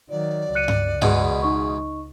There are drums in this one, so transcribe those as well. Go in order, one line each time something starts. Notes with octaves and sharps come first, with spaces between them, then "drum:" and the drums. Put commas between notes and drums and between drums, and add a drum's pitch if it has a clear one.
D#3 F#3 D5
C#2 F#6 C#7 D#7
drum: tom G2
E2 G#2 B2, drum: tom G2
D#4 D#5 C#6